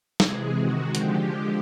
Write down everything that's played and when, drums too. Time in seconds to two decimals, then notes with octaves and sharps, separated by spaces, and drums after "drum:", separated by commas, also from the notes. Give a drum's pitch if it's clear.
0.20 C3 E3 G#3 G#4, drum: snare
0.57 C3 D#3 G#3 F#4
0.95 D3 F3 G#3 G4, drum: hi-hat